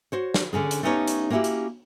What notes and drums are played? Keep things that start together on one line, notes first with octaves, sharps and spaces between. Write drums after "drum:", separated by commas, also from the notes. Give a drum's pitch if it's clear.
F#4 C5 C#5
drum: snare
D3 C#4 D4 G#4
drum: hi-hat
A3 B3 C#4 D#4 G4 C#5
drum: hi-hat
A#3 B3 C#4 E4 F#4 G4
drum: hi-hat